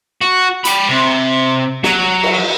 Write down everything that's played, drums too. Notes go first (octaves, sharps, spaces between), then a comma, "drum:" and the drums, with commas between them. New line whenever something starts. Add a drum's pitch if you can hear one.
F#4
G5 B5, drum: hi-hat
C3
F#3, drum: snare
drum: cymbal